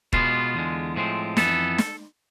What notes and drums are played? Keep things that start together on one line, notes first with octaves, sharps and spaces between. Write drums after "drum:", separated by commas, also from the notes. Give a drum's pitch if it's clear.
B2 G#3 B3 F4, drum: kick E1
E2 D3 G#3
A2 F3 G#3 C4
F2 E3 B3 A4, drum: snare
drum: snare